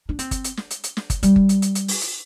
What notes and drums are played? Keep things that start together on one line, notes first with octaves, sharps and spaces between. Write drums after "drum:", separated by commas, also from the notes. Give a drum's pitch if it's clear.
D4
C4, drum: hi-hat
drum: kick G1, hi-hat
drum: hi-hat
drum: snare
drum: hi-hat
drum: hi-hat
drum: snare
drum: kick G1, hi-hat
G3, drum: hi-hat
drum: kick G1
drum: hi-hat
drum: hi-hat
drum: hi-hat
drum: open hi-hat
drum: hi-hat